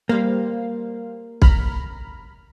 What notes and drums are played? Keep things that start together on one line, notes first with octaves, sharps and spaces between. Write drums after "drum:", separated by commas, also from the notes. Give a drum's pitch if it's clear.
G3 A#3 C5 F5
A#5 B5 F6, drum: kick